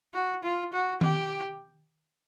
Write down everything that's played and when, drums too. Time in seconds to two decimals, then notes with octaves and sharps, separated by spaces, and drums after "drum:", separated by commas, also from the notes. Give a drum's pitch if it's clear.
0.14 F#4
0.43 F4
0.73 F#4
1.01 G4, drum: tom D#3